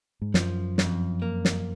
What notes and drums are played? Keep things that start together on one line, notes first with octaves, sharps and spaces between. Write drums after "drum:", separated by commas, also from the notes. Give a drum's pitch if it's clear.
G#2
F#2 F3, drum: snare
F2, drum: snare
A#3
drum: snare